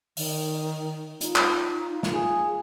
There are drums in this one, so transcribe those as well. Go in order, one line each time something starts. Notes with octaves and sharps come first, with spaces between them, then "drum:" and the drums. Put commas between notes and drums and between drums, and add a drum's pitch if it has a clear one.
D#3, drum: open hi-hat
D#4 F4, drum: hi-hat
drum: clap
drum: snare
G#4